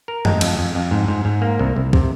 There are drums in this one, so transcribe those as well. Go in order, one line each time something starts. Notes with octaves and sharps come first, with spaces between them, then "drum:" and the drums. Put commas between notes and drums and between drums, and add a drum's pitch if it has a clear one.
A#4
G#3, drum: tom F#2
F2, drum: cymbal
F2
F2
G#2
G#2
G#2
A#3
C2
C2
C3, drum: kick